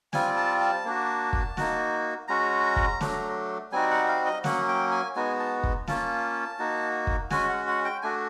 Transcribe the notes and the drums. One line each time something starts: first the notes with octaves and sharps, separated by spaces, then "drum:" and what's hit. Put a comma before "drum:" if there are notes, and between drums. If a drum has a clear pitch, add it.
G3 C4 F4 G#5, drum: snare
A5
A5
A#3 D4 F#4
drum: kick
A#3 D#4 F#4, drum: snare
G#3 C#4 F#4 A#5
drum: kick
F#3 A3 D4, drum: snare
G3 C4 D#4 F#4 G#5
F#5
F5
D#5
F#3 A#3 C#4 F#5, drum: snare
G5
G#5
G#3 B3 D#4 F#4 G#5
A5
drum: kick
A#3 C#4 F4 A5, drum: snare
A#3 D#4 F#4
drum: kick
G#3 C#4 F#4 G#5, drum: snare
F#5
F#5
G5
A3 D4 F#4 G#5